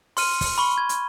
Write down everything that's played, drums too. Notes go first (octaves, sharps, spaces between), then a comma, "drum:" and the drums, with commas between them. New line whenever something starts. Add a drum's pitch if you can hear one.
C6 F6 D#7, drum: open hi-hat
drum: kick, open hi-hat
B5 C#6 G7
G#6
drum: hi-hat